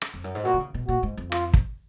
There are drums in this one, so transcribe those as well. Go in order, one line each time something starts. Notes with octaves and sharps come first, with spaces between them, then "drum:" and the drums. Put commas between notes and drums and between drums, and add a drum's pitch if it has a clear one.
drum: rim click
F2
F#2
G#2
A#2 F#4
D#3
C#3
B2
A#2 F#4
G#2
F2
F4, drum: rim click
drum: kick